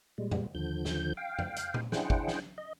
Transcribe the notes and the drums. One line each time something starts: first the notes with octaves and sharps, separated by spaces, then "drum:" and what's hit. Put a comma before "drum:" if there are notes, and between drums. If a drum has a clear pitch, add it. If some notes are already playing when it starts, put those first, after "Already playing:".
A#2 G3 G#3
drum: tom F2
D#2 D3 F3 G6
drum: snare
F5 G5
drum: tom F2
drum: hi-hat
drum: tom A#2
D4 E4 G#4 C5 F#5 G5, drum: snare
drum: kick
drum: snare
D#5